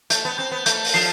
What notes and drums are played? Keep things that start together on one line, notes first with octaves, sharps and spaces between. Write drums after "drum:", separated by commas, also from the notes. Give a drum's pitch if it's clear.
A3 G6, drum: hi-hat
B3
C4 G6
B3
A3 G6, drum: hi-hat
drum: open hi-hat
F3 C7